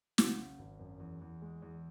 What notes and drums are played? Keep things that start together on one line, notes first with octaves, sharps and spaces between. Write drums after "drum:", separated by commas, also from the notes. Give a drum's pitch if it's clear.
C#3 F#4, drum: snare
F#3
G#1
F#2
E2
E2
G#3
E2